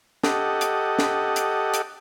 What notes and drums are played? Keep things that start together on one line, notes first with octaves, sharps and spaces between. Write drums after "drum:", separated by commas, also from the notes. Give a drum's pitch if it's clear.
G4 A4 D#5 F#5, drum: snare
drum: hi-hat
drum: snare
drum: hi-hat
drum: hi-hat